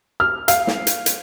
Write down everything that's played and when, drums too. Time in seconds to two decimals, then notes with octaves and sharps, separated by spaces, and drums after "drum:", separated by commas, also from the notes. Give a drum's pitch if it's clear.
0.20 F6
0.48 F5, drum: hi-hat
0.67 drum: snare
0.87 drum: hi-hat
1.06 drum: hi-hat